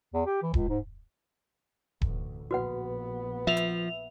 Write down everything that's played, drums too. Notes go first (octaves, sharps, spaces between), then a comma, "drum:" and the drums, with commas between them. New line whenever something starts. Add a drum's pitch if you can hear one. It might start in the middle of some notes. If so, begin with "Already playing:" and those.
E2
G4
E3
C#2, drum: kick D#1
G#2
A1 D2, drum: kick D#1
A#1 B3 F#4 B4 F#5
F3 E5 F7
drum: hi-hat